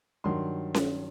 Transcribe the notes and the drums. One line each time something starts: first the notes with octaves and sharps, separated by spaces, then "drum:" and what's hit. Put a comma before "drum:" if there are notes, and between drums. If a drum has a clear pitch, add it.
G2 D#3 F#3 C6
drum: snare C#4